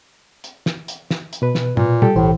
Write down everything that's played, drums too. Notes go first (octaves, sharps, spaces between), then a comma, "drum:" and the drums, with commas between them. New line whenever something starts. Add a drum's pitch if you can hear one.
drum: hi-hat
drum: snare
drum: hi-hat
drum: snare
drum: hi-hat
B2 B4
drum: snare
A#2, drum: tom
G3 G4 A4 G5, drum: tom
B1 A2 E3 C5